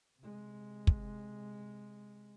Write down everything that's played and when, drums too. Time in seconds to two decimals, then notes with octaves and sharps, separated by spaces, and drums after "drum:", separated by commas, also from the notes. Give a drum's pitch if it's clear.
0.19 C3 G#3
0.87 drum: kick